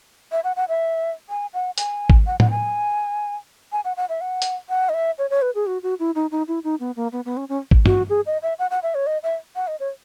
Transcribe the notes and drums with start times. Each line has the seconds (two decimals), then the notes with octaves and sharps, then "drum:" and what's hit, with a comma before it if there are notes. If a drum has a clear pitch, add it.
0.32 E5
0.44 F#5
0.56 F#5
0.69 E5
1.30 G#5
1.54 F#5
1.78 G#5, drum: hi-hat
2.10 drum: kick G#1
2.27 F#5
2.40 F#5, drum: tom
2.50 G#5
3.72 G#5
3.85 F#5
3.97 F#5
4.09 E5
4.21 F#5
4.42 drum: hi-hat
4.69 F#5
4.89 D#5
4.94 E5
5.18 C#5
5.30 C#5
5.42 B4
5.55 G#4
5.67 F#4
5.83 F#4
6.00 E4
6.15 D#4
6.31 D#4
6.48 E4
6.64 D#4
6.80 B3
6.96 A#3
7.12 B3
7.25 B3
7.37 C#4
7.49 C#4
7.71 drum: kick G#1
7.86 F#4, drum: tom
8.10 G#4
8.26 D#5
8.42 E5
8.59 F#5
8.71 F#5
8.83 E5
8.95 C#5
9.07 D#5
9.23 E5
9.56 F#5
9.67 D#5
9.80 C#5